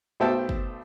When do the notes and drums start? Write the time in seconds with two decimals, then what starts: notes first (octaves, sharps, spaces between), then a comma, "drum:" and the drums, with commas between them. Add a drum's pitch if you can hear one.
0.20 B1 A3 C5 E5 G5 A5
0.49 drum: kick